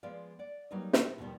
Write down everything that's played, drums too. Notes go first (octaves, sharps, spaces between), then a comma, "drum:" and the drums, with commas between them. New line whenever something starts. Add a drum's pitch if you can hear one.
F3 G#3 B3 D5 F5
D5 F#5
F#3 G3 A#3 D#4 B4 D#5
A#2 D#4 E4 F#4, drum: snare
D#2 B2 D#3 F3 G3 B3